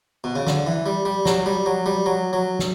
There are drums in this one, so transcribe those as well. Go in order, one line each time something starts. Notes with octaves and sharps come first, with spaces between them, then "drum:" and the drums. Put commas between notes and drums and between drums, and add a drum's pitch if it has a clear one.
B2
C#3
D3, drum: snare
E3
G3
G3
F#3, drum: snare
G3
F#3
G3
F#3
F#3
drum: snare